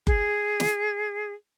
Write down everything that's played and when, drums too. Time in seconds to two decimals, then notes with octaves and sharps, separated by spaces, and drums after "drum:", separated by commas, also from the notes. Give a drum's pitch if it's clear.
0.07 G#4, drum: kick F#1
0.60 drum: snare